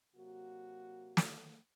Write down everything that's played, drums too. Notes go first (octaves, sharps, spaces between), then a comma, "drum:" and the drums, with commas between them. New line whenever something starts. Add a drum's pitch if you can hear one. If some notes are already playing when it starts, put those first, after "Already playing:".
C3 F#3 A#3 F#4
drum: snare